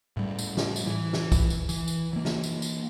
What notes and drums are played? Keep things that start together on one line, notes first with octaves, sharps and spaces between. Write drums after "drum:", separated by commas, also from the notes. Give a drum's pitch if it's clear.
A2 G3
drum: tambourine
drum: snare
drum: tambourine
E3
drum: snare
drum: kick, tambourine
drum: tambourine
E3, drum: tambourine
drum: tambourine
E3 A#3
drum: snare
drum: tambourine
drum: tambourine